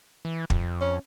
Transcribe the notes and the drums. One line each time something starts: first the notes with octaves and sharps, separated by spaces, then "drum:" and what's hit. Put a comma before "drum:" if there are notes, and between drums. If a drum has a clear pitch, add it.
E3
F2, drum: kick
C#4